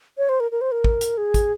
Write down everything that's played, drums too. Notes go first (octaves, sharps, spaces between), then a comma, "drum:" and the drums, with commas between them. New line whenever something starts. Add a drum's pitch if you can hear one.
C#5
C5
A#4
A#4
C5
A#4
drum: kick
drum: hi-hat
G#4
drum: kick, hi-hat